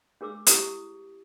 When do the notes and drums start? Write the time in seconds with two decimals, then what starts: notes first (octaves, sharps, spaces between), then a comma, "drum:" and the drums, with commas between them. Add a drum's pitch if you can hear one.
0.21 D4 G#4 A#4 D6 E6
0.47 E4 G4 C5 C#6 D#6, drum: hi-hat